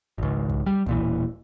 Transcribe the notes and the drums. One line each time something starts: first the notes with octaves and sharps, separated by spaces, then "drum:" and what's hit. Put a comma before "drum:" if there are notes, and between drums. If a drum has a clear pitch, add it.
G#1 C#2
drum: kick
G3
E1 A#2 E3, drum: kick